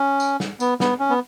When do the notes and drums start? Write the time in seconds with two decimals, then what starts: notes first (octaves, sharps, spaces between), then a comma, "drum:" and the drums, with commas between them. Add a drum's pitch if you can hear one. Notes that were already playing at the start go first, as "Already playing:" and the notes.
Already playing: C#4
0.20 drum: tambourine
0.40 drum: snare
0.60 B3, drum: tambourine
0.80 B3, drum: snare
0.99 C#4
1.10 B3